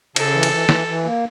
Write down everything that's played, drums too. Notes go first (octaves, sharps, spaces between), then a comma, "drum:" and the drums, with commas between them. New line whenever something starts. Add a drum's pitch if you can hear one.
C#3 A4, drum: cymbal
E3
drum: cymbal
E3
E3, drum: snare
E3
A#3